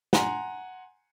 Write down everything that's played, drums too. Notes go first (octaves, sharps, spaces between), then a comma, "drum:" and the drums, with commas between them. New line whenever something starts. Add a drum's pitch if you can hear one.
F#5 G#5 A#5 C6, drum: snare